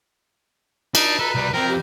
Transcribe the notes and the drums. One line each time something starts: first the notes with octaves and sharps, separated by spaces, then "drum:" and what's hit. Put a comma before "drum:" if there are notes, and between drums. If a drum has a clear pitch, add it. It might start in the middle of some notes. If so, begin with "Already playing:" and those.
D4 D#4, drum: cymbal
A4 B4 A#5
C2 G3
F3 C4 A#4 G5
G4